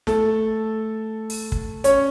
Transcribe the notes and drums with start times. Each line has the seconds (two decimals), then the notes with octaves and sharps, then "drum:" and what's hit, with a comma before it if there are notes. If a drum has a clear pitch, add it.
0.07 A3 A4, drum: snare
1.30 drum: open hi-hat
1.52 drum: kick
1.84 C#4 C#5, drum: hi-hat